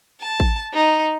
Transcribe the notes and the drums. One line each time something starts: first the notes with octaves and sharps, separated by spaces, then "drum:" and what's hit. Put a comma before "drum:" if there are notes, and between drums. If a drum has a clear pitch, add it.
A5
drum: kick A1
D#4